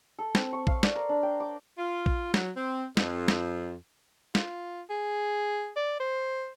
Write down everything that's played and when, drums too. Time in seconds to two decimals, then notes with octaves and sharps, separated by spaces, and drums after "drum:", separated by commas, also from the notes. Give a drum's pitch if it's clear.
0.19 A4
0.35 C4, drum: snare
0.53 C#6
0.67 F5, drum: kick
0.83 D5, drum: snare
0.95 A#4
1.09 D4
1.23 G5
1.40 D6
1.78 F4
2.06 drum: kick
2.34 F#3, drum: snare
2.57 C4
2.97 F2, drum: snare
3.28 drum: snare
4.35 F4, drum: snare
4.90 G#4
5.76 D5
6.00 C5